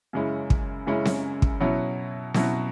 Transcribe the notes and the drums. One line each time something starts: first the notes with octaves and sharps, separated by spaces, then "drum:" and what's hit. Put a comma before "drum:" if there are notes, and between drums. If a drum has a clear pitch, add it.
F#2 C#3 G#3 C#4 E4
drum: kick
F#2 C#3 G#3 C#4 E4
drum: snare C4
drum: kick
B2 F#3 C#4 E4
B2 F#3 C#4 E4, drum: snare C4